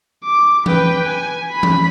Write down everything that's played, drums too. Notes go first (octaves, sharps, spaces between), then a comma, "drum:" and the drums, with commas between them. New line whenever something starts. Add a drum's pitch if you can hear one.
D6
B4 G5, drum: tom E3
G#5
B5
drum: tom E3